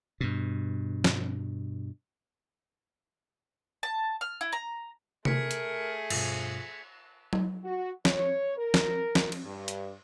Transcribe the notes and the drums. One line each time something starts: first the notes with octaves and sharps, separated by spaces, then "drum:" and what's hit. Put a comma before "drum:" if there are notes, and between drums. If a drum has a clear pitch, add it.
G2 B2
drum: snare
A5
F6
E4
A#5
A3 G#4 A#4 G#6 B6 C#7, drum: tom C3
drum: hi-hat
G2 B2 F3, drum: cymbal
drum: tom F#3
F#4
C#5, drum: snare
A#4
drum: snare
drum: snare
drum: cymbal
G2
drum: hi-hat